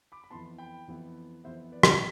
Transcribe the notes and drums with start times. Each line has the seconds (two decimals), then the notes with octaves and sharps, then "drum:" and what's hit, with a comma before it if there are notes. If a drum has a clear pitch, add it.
0.12 B5 D6
0.24 B5
0.30 F2 E3 B3 A5 C6
0.58 G5 B5
0.88 F2 E3 B3
1.44 F2 E3 B3 C5 E5
1.72 B4 D5
1.83 drum: rim click